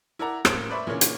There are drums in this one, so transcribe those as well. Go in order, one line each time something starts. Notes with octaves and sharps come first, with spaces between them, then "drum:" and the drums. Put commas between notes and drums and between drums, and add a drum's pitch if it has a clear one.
E4 A#4 D5 F#5 A#5
A1 G#3 A#3 C5 D7 G7, drum: rim click
B4 C5 D5 E5 B5 C#6
A#2 C#3 E3 A#3 C#4 D4
drum: hi-hat